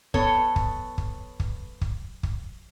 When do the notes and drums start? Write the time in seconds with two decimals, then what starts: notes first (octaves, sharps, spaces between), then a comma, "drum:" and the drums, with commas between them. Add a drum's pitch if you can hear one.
0.14 B3 A4 C#5, drum: kick
0.56 drum: kick
0.98 drum: kick
1.40 drum: kick
1.81 drum: kick
2.23 drum: kick